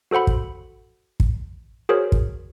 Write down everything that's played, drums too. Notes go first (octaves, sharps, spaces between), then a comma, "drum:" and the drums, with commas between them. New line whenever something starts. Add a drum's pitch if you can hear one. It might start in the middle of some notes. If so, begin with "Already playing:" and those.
F#4 A4 C5 F#5 B5
drum: kick
drum: kick
F#4 G#4 A#4 C5 C#5
drum: kick